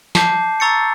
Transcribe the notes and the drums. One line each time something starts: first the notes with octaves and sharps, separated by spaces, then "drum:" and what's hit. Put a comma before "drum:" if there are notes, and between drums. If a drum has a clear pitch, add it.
A5 D6 G6 C7, drum: snare
A#5 C#6 E6 A6 C#7